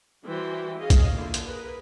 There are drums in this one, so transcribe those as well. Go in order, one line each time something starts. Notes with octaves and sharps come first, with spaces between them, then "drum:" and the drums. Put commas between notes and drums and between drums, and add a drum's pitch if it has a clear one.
E3 G3 F#4 C5 G5
C#4 G#4 D#5 F5
drum: kick, hi-hat
D3 A#3 E4 F4
drum: hi-hat
G#4 A#4 B4